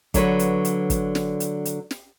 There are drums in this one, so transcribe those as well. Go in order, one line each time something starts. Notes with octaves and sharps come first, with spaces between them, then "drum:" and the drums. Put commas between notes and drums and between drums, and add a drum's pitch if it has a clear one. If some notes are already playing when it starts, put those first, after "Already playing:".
D3 F#3 B4 C#5, drum: kick, hi-hat
drum: hi-hat
drum: hi-hat
drum: kick, hi-hat
drum: snare
drum: hi-hat
drum: hi-hat
drum: snare